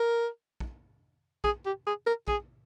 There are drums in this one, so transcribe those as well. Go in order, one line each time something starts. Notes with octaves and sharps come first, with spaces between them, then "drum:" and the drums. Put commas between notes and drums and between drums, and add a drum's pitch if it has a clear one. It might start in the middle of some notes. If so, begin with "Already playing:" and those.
Already playing: A#4
drum: kick A#1
G#4, drum: kick A#1
G4
G#4
A#4
G#4, drum: kick A#1